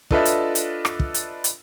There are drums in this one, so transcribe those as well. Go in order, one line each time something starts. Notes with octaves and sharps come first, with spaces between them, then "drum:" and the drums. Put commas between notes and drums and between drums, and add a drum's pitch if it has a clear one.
D4 F4 A4 B4 D#5 E5, drum: kick
drum: hi-hat
drum: hi-hat
drum: rim click
drum: kick
drum: hi-hat
drum: hi-hat